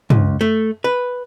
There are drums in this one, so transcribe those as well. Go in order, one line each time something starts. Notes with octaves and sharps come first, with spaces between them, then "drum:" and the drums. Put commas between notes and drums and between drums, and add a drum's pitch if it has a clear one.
C#2, drum: tom
A3
B4